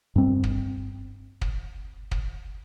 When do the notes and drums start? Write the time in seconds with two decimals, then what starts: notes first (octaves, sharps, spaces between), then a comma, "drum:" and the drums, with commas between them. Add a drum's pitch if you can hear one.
0.16 G2 C4
0.44 drum: kick
1.41 drum: kick
2.11 drum: kick